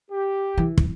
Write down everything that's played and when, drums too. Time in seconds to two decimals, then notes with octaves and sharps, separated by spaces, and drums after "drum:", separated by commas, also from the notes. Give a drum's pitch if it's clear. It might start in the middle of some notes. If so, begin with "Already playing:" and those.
0.11 G4
0.58 E3
0.78 drum: kick